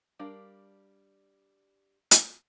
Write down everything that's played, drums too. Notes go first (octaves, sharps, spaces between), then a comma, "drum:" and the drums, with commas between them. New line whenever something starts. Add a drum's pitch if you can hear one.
G3 D4 A#4 F5
drum: hi-hat